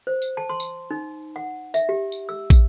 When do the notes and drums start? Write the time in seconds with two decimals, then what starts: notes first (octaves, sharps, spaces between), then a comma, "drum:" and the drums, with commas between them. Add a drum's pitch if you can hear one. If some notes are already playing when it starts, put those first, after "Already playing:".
0.07 C5
0.22 drum: tambourine
0.37 A5
0.49 C6
0.60 drum: tambourine
0.91 D#4
1.36 F#5
1.74 E5, drum: tambourine
1.89 G4
2.12 drum: tambourine
2.29 E6
2.50 drum: kick, tambourine